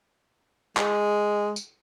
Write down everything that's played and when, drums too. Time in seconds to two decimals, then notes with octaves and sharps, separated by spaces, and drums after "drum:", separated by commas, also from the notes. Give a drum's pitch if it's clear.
0.77 G#3, drum: clap
1.56 drum: tambourine